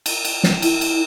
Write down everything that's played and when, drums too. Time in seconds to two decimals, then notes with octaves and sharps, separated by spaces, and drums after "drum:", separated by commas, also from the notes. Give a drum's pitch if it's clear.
0.06 drum: cymbal
0.25 drum: cymbal
0.43 drum: snare
0.62 E4, drum: cymbal
0.81 drum: cymbal